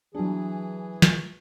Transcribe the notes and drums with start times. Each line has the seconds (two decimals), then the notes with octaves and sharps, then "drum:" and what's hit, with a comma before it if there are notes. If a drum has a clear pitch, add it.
0.14 E3 F#3 D4 G#4
1.02 drum: snare